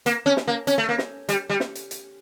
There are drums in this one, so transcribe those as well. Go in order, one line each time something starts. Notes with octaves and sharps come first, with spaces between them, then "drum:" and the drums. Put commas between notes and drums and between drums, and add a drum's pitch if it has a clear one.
A#3, drum: hi-hat
C#4
drum: snare
A#3
C#4, drum: hi-hat
A3
A#3
drum: snare
G3, drum: hi-hat
G3
drum: snare
drum: hi-hat
drum: hi-hat